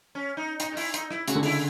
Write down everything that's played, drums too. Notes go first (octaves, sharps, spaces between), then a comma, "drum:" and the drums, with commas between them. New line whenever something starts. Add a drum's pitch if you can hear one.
C#4
D#4
D#4, drum: hi-hat
E4, drum: open hi-hat
D#4, drum: hi-hat
E4, drum: rim click
C#3 F#4, drum: hi-hat
D3
C#3 E4, drum: open hi-hat